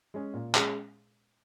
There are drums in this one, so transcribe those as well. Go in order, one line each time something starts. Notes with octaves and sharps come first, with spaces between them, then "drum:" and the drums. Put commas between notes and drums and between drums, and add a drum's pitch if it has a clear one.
G#3 C#4 G#4
A#2
G#3 C#4 G#4, drum: clap